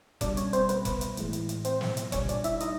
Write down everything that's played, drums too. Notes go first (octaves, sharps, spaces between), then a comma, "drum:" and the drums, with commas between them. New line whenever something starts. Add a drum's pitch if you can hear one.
B2 G3 D4 D5, drum: kick F1, hi-hat
C#4 C#5, drum: hi-hat
C4 C5, drum: hi-hat
B3 B4, drum: hi-hat
drum: kick F1, hi-hat
drum: hi-hat
A2 E3 G#3, drum: hi-hat
drum: hi-hat
drum: hi-hat
C4 C5, drum: hi-hat
drum: snare
drum: hi-hat
A#2 G3 C#4 C#5, drum: kick F1, hi-hat
D4 D5, drum: hi-hat
E4 E5, drum: hi-hat
D#4 D#5, drum: hi-hat